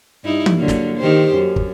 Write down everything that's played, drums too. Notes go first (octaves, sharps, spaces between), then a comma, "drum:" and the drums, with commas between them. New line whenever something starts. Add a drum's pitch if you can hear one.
G2 D#4 E4
drum: tom E3
D3 F#3 A#3
drum: snare
D#3 G4 C5
F#2
drum: kick